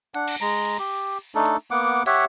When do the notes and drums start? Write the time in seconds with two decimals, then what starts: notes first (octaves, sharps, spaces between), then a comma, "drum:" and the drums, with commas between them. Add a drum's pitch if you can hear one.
0.14 D4 F#5, drum: hi-hat
0.28 drum: cymbal
0.41 G#3 A#5
0.65 drum: cymbal
0.79 G4
1.35 A3 D4 D#4 A4
1.46 drum: hi-hat
1.71 A#3 B3 F#5 D6
2.06 G4 C#5 E5 F#5, drum: hi-hat